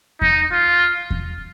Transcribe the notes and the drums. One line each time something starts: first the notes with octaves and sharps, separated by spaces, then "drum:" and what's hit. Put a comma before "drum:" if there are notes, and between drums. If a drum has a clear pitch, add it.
D#4, drum: kick E2
F4
drum: kick E2